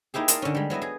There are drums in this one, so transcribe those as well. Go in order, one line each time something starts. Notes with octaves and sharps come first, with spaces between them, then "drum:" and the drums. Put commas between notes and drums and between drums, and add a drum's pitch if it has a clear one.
A#3 D#4 E4 G4 G#4
A#4 D5 D#5 A5 A#5 C6, drum: hi-hat
D3 C#4
G3 G#3
F#3 B3 E4 D#5
G#4